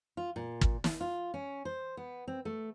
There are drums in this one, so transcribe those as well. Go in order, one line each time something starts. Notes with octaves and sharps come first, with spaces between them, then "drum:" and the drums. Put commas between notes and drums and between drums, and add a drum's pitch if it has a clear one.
F4
A#2
drum: kick
drum: snare
F4
C#4
C5
B3
C4
A3